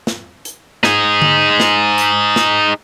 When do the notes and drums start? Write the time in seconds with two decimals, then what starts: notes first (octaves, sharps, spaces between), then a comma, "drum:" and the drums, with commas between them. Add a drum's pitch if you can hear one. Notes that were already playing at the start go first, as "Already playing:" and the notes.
0.07 drum: snare
0.45 drum: hi-hat
0.83 D#4 G#4, drum: snare
1.22 drum: tom D3
1.60 drum: snare
1.98 drum: hi-hat
2.36 drum: snare